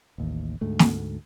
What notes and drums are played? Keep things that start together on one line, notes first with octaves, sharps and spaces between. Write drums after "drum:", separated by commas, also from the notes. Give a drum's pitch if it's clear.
A1 D#2
D2 G#2 A3
drum: snare